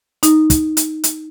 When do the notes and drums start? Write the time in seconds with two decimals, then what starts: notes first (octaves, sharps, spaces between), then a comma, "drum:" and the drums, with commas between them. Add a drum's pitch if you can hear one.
0.23 D#4, drum: hi-hat
0.50 drum: kick, hi-hat
0.77 drum: hi-hat
1.04 drum: hi-hat